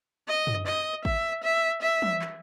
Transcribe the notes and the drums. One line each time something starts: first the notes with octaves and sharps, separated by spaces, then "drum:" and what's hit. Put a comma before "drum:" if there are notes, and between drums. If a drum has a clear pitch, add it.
D#5
drum: tom
D#5, drum: clap
E5, drum: kick
E5
E5
drum: tom
drum: clap